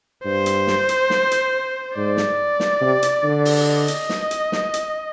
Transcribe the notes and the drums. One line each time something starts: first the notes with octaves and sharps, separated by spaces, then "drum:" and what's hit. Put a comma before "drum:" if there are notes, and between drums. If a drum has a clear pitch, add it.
G2 C5
drum: hi-hat
drum: snare
drum: hi-hat
drum: snare
drum: hi-hat
G#2 D5
drum: snare
drum: snare
C3
drum: hi-hat
D3
drum: open hi-hat
D#5
drum: hi-hat
drum: snare
drum: hi-hat
drum: snare
drum: hi-hat